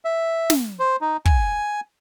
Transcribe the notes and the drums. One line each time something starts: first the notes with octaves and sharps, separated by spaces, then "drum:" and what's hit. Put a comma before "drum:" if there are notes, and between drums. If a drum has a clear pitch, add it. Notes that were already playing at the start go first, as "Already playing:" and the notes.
E5
drum: snare
C5
D#4
G#5, drum: kick